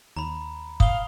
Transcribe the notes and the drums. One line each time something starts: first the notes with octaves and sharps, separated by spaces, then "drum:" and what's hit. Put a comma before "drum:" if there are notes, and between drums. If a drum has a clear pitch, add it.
D#2 A#5 B5
F5 D#6 G7, drum: kick